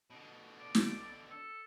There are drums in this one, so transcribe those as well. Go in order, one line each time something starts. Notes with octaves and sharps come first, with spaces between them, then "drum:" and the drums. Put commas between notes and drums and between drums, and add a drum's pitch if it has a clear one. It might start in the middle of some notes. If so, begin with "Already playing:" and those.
B2 D3
D5
drum: snare
A4